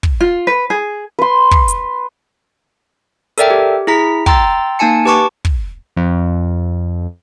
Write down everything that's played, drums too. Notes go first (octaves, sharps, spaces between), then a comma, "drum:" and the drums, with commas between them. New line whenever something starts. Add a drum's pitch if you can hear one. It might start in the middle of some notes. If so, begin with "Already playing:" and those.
drum: kick
F4
B4
G#4
B4 C6
drum: kick
drum: hi-hat
A4 A#4 D5 E5 G5, drum: hi-hat
G4
E4 G#4 A#5 B6
G5 A#5 C6 E6 A6, drum: kick
A#3 D#4 G#5 A5 C#7
G4 B4 A5 C#6 D6
drum: kick
F2